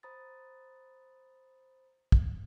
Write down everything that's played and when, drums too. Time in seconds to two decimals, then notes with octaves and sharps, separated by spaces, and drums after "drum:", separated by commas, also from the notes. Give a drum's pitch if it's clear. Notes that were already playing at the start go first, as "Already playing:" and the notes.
0.03 C5 A#5 B5 D#6 A6
2.12 drum: kick